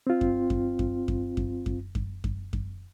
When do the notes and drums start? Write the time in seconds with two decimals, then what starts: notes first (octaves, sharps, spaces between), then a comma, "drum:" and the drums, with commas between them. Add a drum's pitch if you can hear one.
0.07 C4 F4
0.21 drum: kick F#2
0.50 drum: kick F#2
0.79 drum: kick F#2
1.08 drum: kick F#2
1.37 drum: kick F#2
1.66 drum: kick F#2
1.95 drum: kick F#2
2.24 drum: kick F#2
2.53 drum: kick F#2